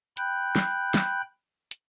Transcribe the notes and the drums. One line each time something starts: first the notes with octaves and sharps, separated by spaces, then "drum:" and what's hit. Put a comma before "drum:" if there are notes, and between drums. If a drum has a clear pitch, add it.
G5 B5 F#6 G6, drum: hi-hat
drum: snare
drum: snare
drum: hi-hat